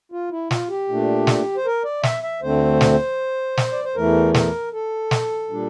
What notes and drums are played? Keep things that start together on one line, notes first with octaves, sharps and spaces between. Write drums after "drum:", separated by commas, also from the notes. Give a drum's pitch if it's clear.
F4
E4
F4, drum: snare
G4
A#2 A3 D4
drum: snare
C5
A#4
D5
E5, drum: snare
E5
D2 D3 A3 C4 C5
drum: snare
drum: snare
D5
C5
E2 E3 A3 A#4
A#4, drum: snare
A4
drum: snare
A#2 G3 D4